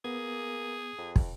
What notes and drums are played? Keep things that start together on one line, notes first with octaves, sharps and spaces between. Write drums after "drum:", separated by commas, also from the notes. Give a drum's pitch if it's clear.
A#3 B3 G#4
F2
drum: kick